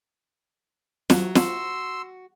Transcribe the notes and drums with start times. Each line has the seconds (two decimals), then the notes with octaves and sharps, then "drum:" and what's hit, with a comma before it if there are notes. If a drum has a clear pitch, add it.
1.10 F#3, drum: snare
1.35 F#4 C6 E6, drum: snare